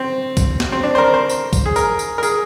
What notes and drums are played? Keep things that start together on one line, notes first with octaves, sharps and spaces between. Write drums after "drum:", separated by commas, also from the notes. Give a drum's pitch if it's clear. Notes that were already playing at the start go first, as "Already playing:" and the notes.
Already playing: C4
drum: kick, tambourine
drum: snare
C4
D4
C5
A#4
C5
drum: tambourine
drum: kick, tambourine
G#4
A#4, drum: tambourine
drum: tambourine
A#4
G#4, drum: tambourine